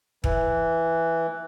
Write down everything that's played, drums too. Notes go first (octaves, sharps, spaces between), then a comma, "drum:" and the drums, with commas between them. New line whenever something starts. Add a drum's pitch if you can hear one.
E3, drum: kick